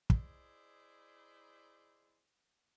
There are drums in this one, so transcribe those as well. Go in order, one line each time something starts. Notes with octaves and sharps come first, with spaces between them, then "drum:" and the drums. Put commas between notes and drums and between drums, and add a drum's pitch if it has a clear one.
E4 G#4 C5 D5 D#5, drum: kick